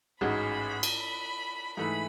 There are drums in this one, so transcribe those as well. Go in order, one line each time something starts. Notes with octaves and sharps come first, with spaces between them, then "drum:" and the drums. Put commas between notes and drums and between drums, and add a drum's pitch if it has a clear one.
A1 G#2 G#3 C#4 F#4 B5
drum: cymbal
B5
G#2 E3 A3 B5